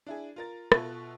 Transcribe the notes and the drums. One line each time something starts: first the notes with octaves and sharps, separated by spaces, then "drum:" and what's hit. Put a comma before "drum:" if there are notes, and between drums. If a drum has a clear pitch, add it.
D4 E4 G#4
F4 A#4 A6
B2 F4 A4 E5 C#6 F#6, drum: rim click